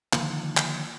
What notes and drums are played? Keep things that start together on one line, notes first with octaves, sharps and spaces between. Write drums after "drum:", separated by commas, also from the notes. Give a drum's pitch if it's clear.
D3 D#3 F3 A#3, drum: clap
drum: clap